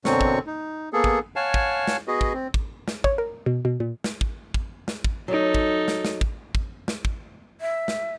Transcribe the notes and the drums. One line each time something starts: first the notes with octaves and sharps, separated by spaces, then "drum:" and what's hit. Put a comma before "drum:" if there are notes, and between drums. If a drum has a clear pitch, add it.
F#2 B2 D3 F#3 C4 C#6, drum: snare
drum: kick
D#4
A#3 B3 G#4 A4
drum: kick
C#5 F5 F#5 G#5 A5
drum: kick
drum: snare
B3 F#4 G#4 B4 D#5
drum: kick
C4
drum: kick
drum: snare
C#5, drum: kick
A#4
B2
B2
A#2
drum: snare
drum: kick
drum: kick
drum: snare
drum: kick
F#3 D#4 A4
drum: kick
drum: snare
drum: snare
drum: kick
drum: kick
drum: snare
drum: kick
E5
drum: snare